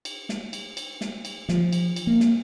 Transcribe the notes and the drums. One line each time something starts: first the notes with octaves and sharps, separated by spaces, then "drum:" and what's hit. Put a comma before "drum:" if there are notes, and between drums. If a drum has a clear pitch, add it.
drum: cymbal
drum: snare
drum: cymbal
drum: cymbal
drum: snare
drum: cymbal
F3, drum: snare
drum: cymbal
drum: cymbal
A#3
drum: snare